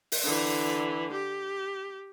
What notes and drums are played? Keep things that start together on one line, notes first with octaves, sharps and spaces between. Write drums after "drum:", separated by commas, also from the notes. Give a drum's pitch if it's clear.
drum: open hi-hat
D3 E3
G4